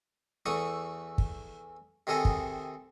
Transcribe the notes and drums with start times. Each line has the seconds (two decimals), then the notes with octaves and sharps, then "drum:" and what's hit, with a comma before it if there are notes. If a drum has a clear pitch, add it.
0.46 E2 E3 A3 C#6 D#6
1.18 drum: kick
2.07 C3 D#3 G#4 A4 D#5
2.25 drum: kick